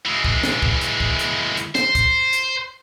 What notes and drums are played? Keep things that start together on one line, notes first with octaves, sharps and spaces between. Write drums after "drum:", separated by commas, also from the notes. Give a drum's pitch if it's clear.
E3 G#3
drum: kick
drum: snare
drum: kick
drum: hi-hat
drum: kick
drum: hi-hat
drum: hi-hat
C5, drum: snare
drum: kick, hi-hat
drum: hi-hat